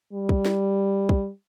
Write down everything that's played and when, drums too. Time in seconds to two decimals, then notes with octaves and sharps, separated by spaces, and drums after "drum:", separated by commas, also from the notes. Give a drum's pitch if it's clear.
0.13 G3
0.29 drum: kick
0.45 drum: snare
1.09 drum: kick